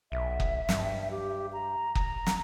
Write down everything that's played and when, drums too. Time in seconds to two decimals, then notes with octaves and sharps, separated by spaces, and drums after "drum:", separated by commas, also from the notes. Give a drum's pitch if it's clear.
0.12 B1 E5
0.40 drum: kick
0.69 G2, drum: snare
1.11 G4
1.53 A#5
1.95 A#5, drum: kick
2.27 drum: snare